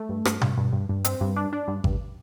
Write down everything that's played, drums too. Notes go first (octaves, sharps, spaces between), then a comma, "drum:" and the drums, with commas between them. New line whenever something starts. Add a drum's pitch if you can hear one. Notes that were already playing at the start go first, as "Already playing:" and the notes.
Already playing: A3
G2
G2, drum: rim click
G2, drum: tom B2
G2
G2
G2
C4, drum: hi-hat
G2
D4
D4
G2
G2, drum: kick G#1